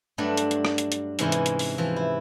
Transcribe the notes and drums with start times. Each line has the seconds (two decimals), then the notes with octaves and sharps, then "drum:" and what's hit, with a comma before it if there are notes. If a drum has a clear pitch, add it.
0.18 G2 F#3 A3 D4
0.37 drum: hi-hat
0.51 drum: hi-hat
0.65 drum: rim click
0.78 drum: hi-hat
0.92 drum: hi-hat
1.19 G#2 C3 E3 G#3 C#4 E4, drum: hi-hat
1.32 drum: hi-hat
1.46 drum: hi-hat
1.59 drum: open hi-hat
1.78 E3 F3
1.96 E4